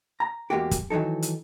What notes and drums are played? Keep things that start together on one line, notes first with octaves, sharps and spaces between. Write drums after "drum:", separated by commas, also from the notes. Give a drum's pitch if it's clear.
A#5
E2 G#3 A#3 F#4 G4
drum: kick, hi-hat
D#3 E3 F#3 D#4 A4
drum: hi-hat